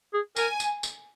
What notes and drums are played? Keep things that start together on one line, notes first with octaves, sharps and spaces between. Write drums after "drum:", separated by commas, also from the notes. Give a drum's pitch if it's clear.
G#4
A#4 G#5, drum: tambourine
drum: tambourine
drum: tambourine